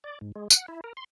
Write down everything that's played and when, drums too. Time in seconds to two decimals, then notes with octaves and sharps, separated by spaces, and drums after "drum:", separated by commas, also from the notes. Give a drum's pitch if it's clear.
0.04 D5
0.21 G#2
0.36 G#3
0.50 F#5, drum: tambourine
0.68 E4
0.84 A#4
0.97 C6